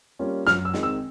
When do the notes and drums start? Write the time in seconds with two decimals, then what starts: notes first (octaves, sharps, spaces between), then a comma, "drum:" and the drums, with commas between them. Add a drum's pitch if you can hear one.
0.19 G3 A#3 C#4 F4
0.47 F#2 F6, drum: snare
0.65 E6
0.74 D#3 G#3 C4, drum: snare
0.83 E6